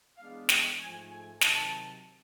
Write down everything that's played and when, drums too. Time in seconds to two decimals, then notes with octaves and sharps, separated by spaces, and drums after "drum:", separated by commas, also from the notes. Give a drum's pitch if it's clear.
0.18 E3 G#3 B3 D4 F5
0.49 G5, drum: snare
0.79 G#2 F3 A3 G#5
1.11 G#5
1.41 C3 D#3 F#3 A5, drum: snare